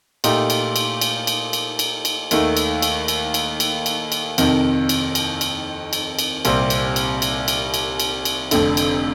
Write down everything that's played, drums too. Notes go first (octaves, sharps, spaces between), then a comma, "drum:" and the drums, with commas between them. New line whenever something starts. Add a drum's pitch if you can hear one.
A#2 A3 D#4 G4, drum: cymbal
drum: cymbal
drum: cymbal
drum: cymbal
drum: cymbal
drum: cymbal
drum: cymbal
drum: cymbal
D#2 D#3 A3, drum: cymbal
drum: cymbal
drum: cymbal
drum: cymbal
drum: cymbal
drum: cymbal
drum: cymbal
drum: cymbal
F2 C3 D#3, drum: cymbal
drum: cymbal
drum: cymbal
drum: cymbal
drum: cymbal
drum: cymbal
C2 A#2 G3 C4 G4, drum: cymbal
drum: cymbal
drum: cymbal
drum: cymbal
drum: cymbal
drum: cymbal
drum: cymbal
drum: cymbal
F1 F2 D3, drum: cymbal
drum: cymbal